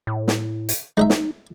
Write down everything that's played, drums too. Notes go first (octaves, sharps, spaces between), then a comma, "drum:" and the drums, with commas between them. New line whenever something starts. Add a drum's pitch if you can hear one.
A2
drum: snare
drum: hi-hat
G#3 D#4 D#5 E5
drum: snare